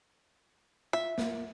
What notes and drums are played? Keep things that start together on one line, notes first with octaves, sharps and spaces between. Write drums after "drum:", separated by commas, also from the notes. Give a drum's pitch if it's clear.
F4 E5
A#3 F4, drum: snare